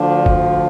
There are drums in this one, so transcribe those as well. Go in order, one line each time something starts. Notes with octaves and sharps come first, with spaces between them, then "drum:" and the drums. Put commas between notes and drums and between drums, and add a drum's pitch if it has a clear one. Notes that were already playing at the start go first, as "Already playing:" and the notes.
Already playing: D2 D3 F3 D4
drum: kick